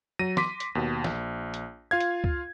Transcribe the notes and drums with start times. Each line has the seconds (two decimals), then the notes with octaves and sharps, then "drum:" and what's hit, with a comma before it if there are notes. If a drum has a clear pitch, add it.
0.19 F#3 A#6 D#7
0.37 C6 D6 B6, drum: snare
0.60 drum: hi-hat
0.75 D#2 B2
1.04 A#1, drum: snare
1.54 drum: hi-hat
1.91 F4 F5 G#6
2.00 drum: hi-hat
2.24 drum: kick C#2